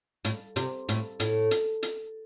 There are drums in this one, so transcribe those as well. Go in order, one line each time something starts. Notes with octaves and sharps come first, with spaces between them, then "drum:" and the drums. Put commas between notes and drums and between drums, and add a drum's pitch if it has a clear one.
A2, drum: hi-hat
C3, drum: hi-hat
A2, drum: hi-hat
A2, drum: hi-hat
drum: hi-hat
drum: hi-hat